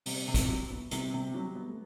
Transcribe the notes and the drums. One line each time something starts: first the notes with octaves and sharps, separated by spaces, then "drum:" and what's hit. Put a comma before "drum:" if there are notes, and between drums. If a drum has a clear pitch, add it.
C3 G3, drum: open hi-hat
C3
G3, drum: kick, hi-hat
F#3
B3
C3 G3, drum: hi-hat
C3
F#3 G3
B3
A3